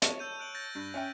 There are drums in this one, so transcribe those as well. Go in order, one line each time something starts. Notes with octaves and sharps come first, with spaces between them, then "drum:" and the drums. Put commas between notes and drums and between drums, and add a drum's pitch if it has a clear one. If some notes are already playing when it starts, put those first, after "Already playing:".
C#5 A5, drum: hi-hat
E6 G6 D#7
F#6 D7 F#7
G6 A6 A#6
G2
C#4 E5 G5